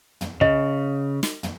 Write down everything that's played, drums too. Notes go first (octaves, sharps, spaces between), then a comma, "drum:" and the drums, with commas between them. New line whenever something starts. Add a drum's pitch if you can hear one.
drum: tom
C#3 D#5, drum: kick
drum: snare
drum: tom